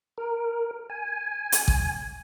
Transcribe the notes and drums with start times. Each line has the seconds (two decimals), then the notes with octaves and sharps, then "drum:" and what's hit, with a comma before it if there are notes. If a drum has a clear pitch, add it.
0.18 A#4
0.90 G#5
1.52 drum: hi-hat
1.68 drum: kick A1